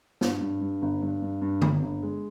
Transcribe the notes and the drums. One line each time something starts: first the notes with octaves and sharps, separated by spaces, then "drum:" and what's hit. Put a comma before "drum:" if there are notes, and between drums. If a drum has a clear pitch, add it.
G2, drum: snare
G2
G2
G1
G2
G2
G2
G1, drum: tom D3
G1
G#3